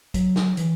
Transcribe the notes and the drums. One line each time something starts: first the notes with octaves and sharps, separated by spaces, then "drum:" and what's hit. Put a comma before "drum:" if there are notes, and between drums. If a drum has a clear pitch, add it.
F#3, drum: kick, hi-hat
drum: snare
E3, drum: hi-hat